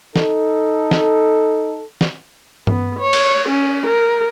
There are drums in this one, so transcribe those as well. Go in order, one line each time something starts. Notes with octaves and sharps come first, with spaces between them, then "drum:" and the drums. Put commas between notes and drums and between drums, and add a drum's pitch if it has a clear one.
D#4 A4, drum: snare
drum: snare
drum: snare
B3, drum: tom G2
C#5
drum: cymbal
C#4
A#4